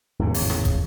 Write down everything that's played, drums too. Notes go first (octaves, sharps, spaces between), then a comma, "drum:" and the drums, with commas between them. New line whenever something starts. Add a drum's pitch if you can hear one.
G#1 E2 A2 C#3
drum: open hi-hat
drum: rim click
drum: kick, hi-hat